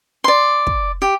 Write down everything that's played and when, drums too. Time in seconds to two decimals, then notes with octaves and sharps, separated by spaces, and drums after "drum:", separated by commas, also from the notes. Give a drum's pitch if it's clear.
0.24 D5 C6
0.67 drum: kick
1.02 G4